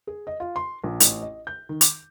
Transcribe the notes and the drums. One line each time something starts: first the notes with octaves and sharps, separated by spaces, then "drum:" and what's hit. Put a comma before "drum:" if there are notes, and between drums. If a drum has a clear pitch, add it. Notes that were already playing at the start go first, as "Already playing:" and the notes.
G#4
D#5
F4
C6
A#1
A1, drum: hi-hat
D#5
G6
D#3
D6, drum: hi-hat